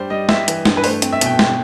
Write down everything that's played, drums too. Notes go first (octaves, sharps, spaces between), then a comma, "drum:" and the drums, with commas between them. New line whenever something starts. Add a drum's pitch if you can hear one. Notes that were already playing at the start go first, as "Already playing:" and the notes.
Already playing: G2 G3 C5
G3 D#5
G3 E5, drum: snare
E3, drum: hi-hat
G2, drum: snare
B4
A3 C5, drum: open hi-hat
C4, drum: hi-hat
E5
B2 G5, drum: hi-hat
B2 G5, drum: snare